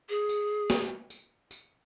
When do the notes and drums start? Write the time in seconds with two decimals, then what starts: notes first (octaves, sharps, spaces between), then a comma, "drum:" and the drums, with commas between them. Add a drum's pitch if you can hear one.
0.09 G#4
0.29 drum: tambourine
0.70 drum: snare
1.10 drum: tambourine
1.51 drum: tambourine